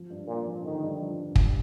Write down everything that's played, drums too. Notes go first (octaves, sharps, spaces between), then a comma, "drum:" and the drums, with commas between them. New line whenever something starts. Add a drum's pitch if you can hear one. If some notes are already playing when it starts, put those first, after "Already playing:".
Already playing: F3
G2
A#2 A#3
F3
D3 D#3
G2
F3
D3
G3, drum: kick